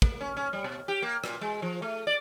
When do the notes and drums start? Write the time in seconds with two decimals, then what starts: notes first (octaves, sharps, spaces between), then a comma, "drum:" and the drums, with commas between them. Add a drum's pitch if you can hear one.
0.02 A#3, drum: kick
0.21 C#4
0.37 C#4
0.53 G3
0.64 B2
0.88 G4
1.02 A#3
1.24 A#2, drum: rim click
1.41 G#3
1.62 F3
1.82 A3
2.07 D5